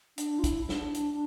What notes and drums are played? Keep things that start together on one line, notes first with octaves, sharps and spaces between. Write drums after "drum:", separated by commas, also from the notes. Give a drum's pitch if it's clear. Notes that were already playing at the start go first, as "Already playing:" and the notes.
D4, drum: hi-hat
F4
E4, drum: kick, hi-hat
D4, drum: snare
drum: hi-hat